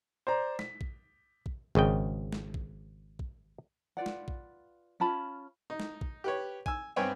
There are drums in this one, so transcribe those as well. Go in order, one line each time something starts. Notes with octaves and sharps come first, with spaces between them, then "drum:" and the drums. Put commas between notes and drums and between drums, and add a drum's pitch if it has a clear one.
C5 D5 A#5
B6, drum: snare
drum: kick A#1
drum: kick A#1
G#1 C#3 D#5 G5
drum: snare
drum: kick A#1
drum: kick A#1
F4 B4 D5 F#5
drum: snare
drum: kick A#1
C#4 F4 A5 B5
D#4
drum: snare
drum: kick A#1
G4 B4 C#5
G#5 E6, drum: kick A#1
G2 B3 C4 C#5 G5 G#5